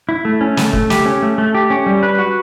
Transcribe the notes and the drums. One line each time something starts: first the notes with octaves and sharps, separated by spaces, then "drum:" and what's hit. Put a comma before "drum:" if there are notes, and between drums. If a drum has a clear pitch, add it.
E4
A3
C#4
A3, drum: snare
A3, drum: kick
G4, drum: snare
C#4
A3
A3
G4
C#4
G3
B4
F#4